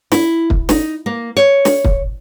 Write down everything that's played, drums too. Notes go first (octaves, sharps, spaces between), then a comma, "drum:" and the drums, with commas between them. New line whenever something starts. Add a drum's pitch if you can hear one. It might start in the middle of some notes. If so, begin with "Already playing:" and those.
E4, drum: snare
drum: kick
D#4, drum: snare
A#3
C#5
drum: snare
drum: kick